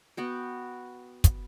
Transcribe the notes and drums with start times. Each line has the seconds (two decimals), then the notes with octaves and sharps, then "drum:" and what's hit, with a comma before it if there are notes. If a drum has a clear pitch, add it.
0.17 B3 F#4 G5
1.24 drum: kick, hi-hat